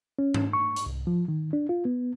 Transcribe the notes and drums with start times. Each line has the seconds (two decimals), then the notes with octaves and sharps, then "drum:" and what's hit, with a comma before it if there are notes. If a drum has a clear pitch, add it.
0.19 C#4
0.34 drum: tom G#2
0.53 C#6
0.76 drum: hi-hat
0.86 C2
1.07 F3
1.28 D#3
1.53 D4
1.69 F4
1.85 B3